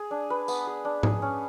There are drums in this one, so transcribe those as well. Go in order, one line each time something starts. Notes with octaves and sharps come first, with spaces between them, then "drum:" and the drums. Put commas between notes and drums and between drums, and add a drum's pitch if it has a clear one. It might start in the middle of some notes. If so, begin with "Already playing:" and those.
Already playing: G#4
D4
B4
B3, drum: tambourine
G#4
D4
G#4, drum: tom G#2
C#4